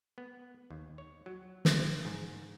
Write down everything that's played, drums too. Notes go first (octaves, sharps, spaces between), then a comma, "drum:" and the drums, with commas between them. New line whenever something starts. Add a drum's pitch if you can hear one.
B3
D#2
C#5
F#3
drum: snare
G#2